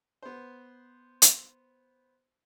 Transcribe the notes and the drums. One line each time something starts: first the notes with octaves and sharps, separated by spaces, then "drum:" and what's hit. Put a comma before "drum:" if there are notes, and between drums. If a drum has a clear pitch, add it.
B3 C5
drum: hi-hat